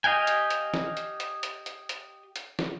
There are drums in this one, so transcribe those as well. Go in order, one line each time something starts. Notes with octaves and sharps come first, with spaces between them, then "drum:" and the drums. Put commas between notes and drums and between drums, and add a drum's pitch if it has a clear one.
G4 D#5 F5 G5 G#5
drum: hi-hat
drum: hi-hat
drum: snare
drum: hi-hat
drum: hi-hat
drum: hi-hat
drum: hi-hat
drum: hi-hat
drum: hi-hat
drum: snare